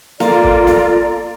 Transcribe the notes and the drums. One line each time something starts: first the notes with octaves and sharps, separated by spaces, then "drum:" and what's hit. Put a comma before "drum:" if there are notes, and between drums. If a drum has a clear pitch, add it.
A#3 F4 A4 D5 A#5, drum: snare
drum: kick
drum: snare